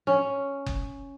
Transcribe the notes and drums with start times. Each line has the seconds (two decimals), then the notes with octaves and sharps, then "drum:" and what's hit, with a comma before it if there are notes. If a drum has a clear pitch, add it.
0.07 C#4
0.66 drum: kick F#1